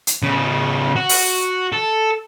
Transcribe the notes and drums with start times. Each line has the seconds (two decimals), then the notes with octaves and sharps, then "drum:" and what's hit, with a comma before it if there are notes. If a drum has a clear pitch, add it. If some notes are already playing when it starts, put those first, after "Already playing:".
0.07 drum: hi-hat
0.23 C#3 B3
0.96 F#4
1.09 drum: open hi-hat
1.72 A4